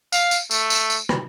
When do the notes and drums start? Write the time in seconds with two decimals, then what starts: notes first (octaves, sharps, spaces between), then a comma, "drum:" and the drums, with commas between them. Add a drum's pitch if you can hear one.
0.13 F5, drum: tambourine
0.31 drum: tambourine
0.51 A3, drum: tambourine
0.70 drum: tambourine
0.90 drum: tambourine
1.09 drum: rim click